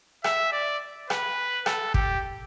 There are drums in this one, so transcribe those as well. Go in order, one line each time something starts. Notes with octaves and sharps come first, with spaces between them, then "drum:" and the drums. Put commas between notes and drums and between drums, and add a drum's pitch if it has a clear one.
E5, drum: rim click
D5
B4, drum: rim click
A4, drum: rim click
G4, drum: kick